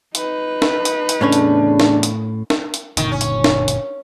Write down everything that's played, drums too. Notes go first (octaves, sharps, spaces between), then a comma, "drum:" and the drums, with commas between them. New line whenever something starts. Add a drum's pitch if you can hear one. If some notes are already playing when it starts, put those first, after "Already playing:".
D#4 B4, drum: hi-hat
drum: snare
drum: hi-hat
drum: hi-hat
E2 A2 C#3 C#4 D4 C#5
drum: hi-hat
drum: snare
drum: hi-hat
drum: snare
drum: hi-hat
F#1 A#2 D3 D#3, drum: hi-hat
C#4
drum: hi-hat
drum: snare
drum: hi-hat